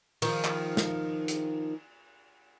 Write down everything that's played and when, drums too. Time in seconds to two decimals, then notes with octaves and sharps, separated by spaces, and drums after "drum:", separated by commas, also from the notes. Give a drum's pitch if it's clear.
0.22 D#3 F3, drum: cymbal
0.45 drum: clap
0.77 drum: snare
1.28 drum: hi-hat